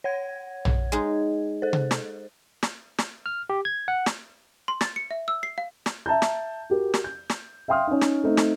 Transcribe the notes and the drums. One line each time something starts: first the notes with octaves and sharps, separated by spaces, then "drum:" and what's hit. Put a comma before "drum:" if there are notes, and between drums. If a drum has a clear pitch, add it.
C#5 F#5 G#6
drum: tom A#1
G#3 D#4
A4 C5
drum: tom C3
drum: snare
drum: snare
drum: snare
F6
G4
G#6
F#5
drum: snare
C6
A6, drum: snare
C#7
E5
E6
C7
F5
drum: snare
E5 A5 A#5 G6
drum: snare
F#4 G4 A#4
drum: snare
G6
drum: snare
E5 F5 G5 C6 D#6 F6
C#4 D#4
drum: snare
A3 C4 D#4
drum: snare